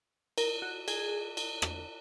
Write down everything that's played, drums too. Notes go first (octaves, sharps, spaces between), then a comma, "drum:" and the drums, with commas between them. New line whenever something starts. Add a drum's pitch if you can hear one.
A#4, drum: cymbal
F#4
G#4, drum: cymbal
drum: cymbal
drum: rim click